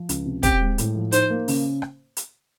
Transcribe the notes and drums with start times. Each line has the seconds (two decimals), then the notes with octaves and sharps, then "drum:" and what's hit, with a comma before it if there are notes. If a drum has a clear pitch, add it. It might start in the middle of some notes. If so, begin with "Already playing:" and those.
Already playing: F3
0.09 C#2, drum: hi-hat
0.26 C3
0.43 C4 G4, drum: kick, hi-hat
0.61 G#3
0.78 A2, drum: hi-hat
0.95 F3
1.12 D#4 C5, drum: hi-hat
1.30 A#3
1.48 C#3, drum: open hi-hat
1.82 drum: rim click
2.17 drum: hi-hat